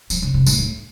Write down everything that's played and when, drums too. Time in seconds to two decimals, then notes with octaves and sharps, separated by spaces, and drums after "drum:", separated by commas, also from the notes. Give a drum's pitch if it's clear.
0.10 F3, drum: tambourine
0.22 C#3
0.34 C3
0.47 A2, drum: tambourine
0.59 A2